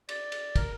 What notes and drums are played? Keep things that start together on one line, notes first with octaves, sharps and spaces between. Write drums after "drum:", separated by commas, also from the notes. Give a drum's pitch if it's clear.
D5, drum: cymbal
drum: cymbal
A#4, drum: kick, cymbal